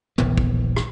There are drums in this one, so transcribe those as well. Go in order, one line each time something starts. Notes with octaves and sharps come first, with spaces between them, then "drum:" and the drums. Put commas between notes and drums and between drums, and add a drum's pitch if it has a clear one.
D#1 A#1 E3 B3, drum: tom
drum: kick
drum: rim click